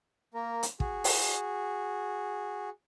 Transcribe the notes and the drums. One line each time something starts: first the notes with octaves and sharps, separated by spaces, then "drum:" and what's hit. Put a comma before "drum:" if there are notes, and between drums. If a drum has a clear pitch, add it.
A#3 A#4
drum: hi-hat
F#4 G#4, drum: kick
drum: open hi-hat